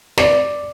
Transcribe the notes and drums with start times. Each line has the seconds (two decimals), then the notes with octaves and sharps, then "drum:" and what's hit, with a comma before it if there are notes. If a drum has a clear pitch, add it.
0.18 D5, drum: snare